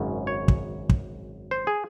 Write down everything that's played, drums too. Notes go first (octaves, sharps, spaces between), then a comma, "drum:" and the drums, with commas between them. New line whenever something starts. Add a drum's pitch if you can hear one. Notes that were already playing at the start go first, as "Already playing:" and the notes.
Already playing: G#1 F#2 C#3
C#5
drum: kick
drum: kick
C5
G#4